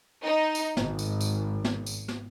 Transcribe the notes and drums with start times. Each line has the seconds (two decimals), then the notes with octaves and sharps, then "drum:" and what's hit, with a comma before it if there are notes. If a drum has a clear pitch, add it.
0.25 D#4
0.55 drum: tambourine
0.77 G#1, drum: snare
0.99 drum: tambourine
1.21 drum: tambourine
1.64 drum: snare
1.86 drum: tambourine
2.08 drum: snare